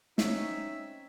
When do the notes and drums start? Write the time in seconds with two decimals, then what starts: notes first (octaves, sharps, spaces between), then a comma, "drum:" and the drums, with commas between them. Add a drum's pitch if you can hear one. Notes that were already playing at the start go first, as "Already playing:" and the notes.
0.18 C4 C#4 D#4 C#5 E5, drum: snare